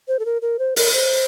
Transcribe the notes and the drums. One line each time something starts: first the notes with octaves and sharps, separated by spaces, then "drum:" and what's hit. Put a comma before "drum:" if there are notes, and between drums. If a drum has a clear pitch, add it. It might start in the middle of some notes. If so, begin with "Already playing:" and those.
C5
A4
A#4
A#4
C5
A#4, drum: open hi-hat
C5